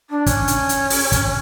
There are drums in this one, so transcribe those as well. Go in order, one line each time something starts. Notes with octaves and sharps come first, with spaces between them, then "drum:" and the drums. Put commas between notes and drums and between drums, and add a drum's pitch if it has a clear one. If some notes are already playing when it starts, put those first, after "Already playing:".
D4
C#4, drum: kick, hi-hat
drum: hi-hat
drum: hi-hat
drum: open hi-hat
drum: kick, hi-hat